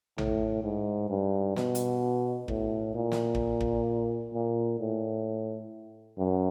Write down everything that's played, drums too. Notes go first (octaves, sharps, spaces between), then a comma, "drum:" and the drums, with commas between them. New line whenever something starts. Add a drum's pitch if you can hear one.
A2, drum: tom A#1
G#2
G2
B2, drum: snare
drum: hi-hat
A2, drum: kick
A#2
drum: snare
drum: kick
drum: kick
A#2
A2
F#2